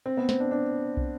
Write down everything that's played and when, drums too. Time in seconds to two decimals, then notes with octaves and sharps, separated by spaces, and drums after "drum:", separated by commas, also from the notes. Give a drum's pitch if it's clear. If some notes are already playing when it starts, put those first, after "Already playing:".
0.06 C4
0.17 B3
0.29 C4, drum: snare
0.40 D4
0.51 D4
0.97 drum: kick